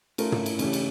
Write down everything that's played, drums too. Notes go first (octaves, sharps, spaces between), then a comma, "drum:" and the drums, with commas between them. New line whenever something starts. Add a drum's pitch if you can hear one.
A3 C#4 E4 F4 A#4, drum: cymbal
drum: tom
drum: cymbal
C#3 E3 A3 C#4 D4 G4, drum: cymbal
drum: cymbal